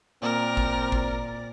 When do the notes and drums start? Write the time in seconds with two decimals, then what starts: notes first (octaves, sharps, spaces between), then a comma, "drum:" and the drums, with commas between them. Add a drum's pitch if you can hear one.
0.22 A#2 C4 A#4 D5
0.57 drum: kick G#1
0.92 drum: kick G#1